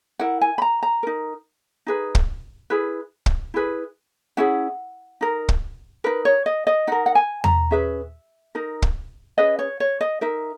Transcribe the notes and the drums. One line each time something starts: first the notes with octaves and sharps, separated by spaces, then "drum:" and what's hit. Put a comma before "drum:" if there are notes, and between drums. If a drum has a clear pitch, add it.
E4 A#4 F#5
G#5
B5
A#5
A#5
D#4 A#4
D#4 G#4 B4
drum: kick
E4 G#4 B4
drum: kick
E4 G#4 B4
C#4 E4 G#4 F#5
D#4 A#4
drum: kick
D#4 A#4 B4
C#5
D#5
D#5
D#4 A#4 F#5
F#5
G#5
A#5, drum: tom E2
C#4 G#4 B4 E5
D#4 A#4
drum: kick
C#4 G#4 B4 D#5
C#5
C#5
D#5
D#4 A#4 E5